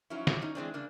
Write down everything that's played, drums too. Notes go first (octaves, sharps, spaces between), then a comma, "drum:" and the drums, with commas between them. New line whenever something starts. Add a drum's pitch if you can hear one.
F3 F#3 C#4 D#4 E4
G3, drum: snare
C#4 D#4
E3 G#3 C4 D4
C#3 A#3 D4